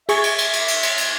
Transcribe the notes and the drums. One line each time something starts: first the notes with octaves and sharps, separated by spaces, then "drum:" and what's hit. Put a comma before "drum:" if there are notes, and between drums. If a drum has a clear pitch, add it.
G#4 E5 C#6, drum: cymbal
drum: cymbal
drum: cymbal
drum: cymbal
drum: cymbal
drum: cymbal
drum: cymbal